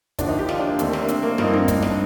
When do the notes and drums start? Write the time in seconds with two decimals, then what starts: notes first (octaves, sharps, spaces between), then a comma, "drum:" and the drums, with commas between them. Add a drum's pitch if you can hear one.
0.19 D#2 D3 F3 D4, drum: kick, hi-hat
0.29 D#4
0.39 G4
0.49 F4, drum: snare
0.59 D4
0.69 A#3
0.79 D#2 D#3 A3 C4, drum: hi-hat
0.93 A#3, drum: snare
1.01 D4
1.08 C4, drum: hi-hat
1.23 A#3
1.38 G2 F3 A#3 C4 D#4, drum: snare
1.53 drum: tom
1.68 D4, drum: kick, hi-hat
1.82 D4, drum: snare